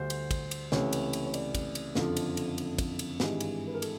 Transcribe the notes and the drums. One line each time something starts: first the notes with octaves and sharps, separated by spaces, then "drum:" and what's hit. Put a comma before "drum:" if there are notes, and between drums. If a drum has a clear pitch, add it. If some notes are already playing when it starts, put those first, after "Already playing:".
Already playing: D2 D3 G3 C5
drum: cymbal
drum: kick, cymbal
drum: cymbal
C#2 C3 E3 A3 C#5, drum: snare
drum: cymbal
drum: cymbal
C#5
D5, drum: cymbal
drum: kick, cymbal
drum: cymbal
F#1 F2 D3 F3 A4, drum: snare
drum: cymbal
drum: cymbal
drum: cymbal
drum: kick, cymbal
drum: cymbal
G#1 G2 E3 G#3, drum: snare
drum: cymbal
B4
A#4
A4, drum: cymbal